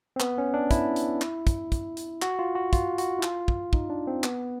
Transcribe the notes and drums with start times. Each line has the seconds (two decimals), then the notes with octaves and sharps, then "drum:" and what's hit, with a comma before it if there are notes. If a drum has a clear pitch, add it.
0.16 C4
0.20 B3, drum: clap
0.38 C#4
0.54 D4
0.71 E4, drum: kick, hi-hat
0.96 drum: hi-hat
1.21 drum: clap
1.47 drum: kick, hi-hat
1.72 drum: kick, hi-hat
1.97 drum: hi-hat
2.22 F#4, drum: clap
2.39 F4
2.55 F#4
2.73 F4, drum: kick, hi-hat
2.98 F#4, drum: hi-hat
3.19 E4
3.23 F4, drum: clap
3.48 drum: kick
3.73 D#4, drum: kick
3.90 D4
4.07 C4
4.24 B3, drum: clap